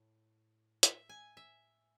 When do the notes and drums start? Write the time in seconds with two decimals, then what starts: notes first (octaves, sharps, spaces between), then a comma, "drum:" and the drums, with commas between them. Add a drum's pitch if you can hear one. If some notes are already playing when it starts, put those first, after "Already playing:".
Already playing: A2
0.83 E5, drum: hi-hat
1.09 G#5
1.37 E5